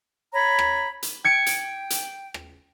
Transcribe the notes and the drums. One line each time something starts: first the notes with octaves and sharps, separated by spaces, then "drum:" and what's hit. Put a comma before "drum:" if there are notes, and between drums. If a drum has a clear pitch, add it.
C#5 A#5 B5
drum: rim click
drum: hi-hat
G5 G#6 C#7 D7
drum: hi-hat
drum: hi-hat
drum: rim click